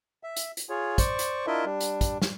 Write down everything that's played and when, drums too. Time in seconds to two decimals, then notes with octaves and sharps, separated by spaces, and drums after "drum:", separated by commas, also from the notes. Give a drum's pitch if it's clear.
0.23 E5
0.36 drum: hi-hat
0.57 drum: hi-hat
0.69 F4 G#4 C#5
0.98 C5 D5 C#6, drum: kick, hi-hat
1.19 drum: hi-hat
1.47 D4 E4 F4 A#4 D#5 E5
1.65 G3 D4
1.80 drum: hi-hat
2.01 drum: kick, hi-hat
2.22 drum: snare